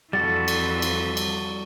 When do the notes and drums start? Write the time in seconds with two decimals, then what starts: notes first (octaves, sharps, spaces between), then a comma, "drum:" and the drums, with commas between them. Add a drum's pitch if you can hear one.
0.13 F2 E3 G3 F#4 A4 A6
0.48 drum: cymbal
0.82 drum: cymbal
1.17 drum: cymbal